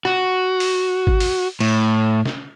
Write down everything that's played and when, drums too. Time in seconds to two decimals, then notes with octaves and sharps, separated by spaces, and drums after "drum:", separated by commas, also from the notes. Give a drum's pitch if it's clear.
0.05 F#4, drum: rim click
0.60 drum: open hi-hat
1.07 drum: kick G#1
1.20 drum: open hi-hat
1.60 A2, drum: cymbal
2.26 drum: snare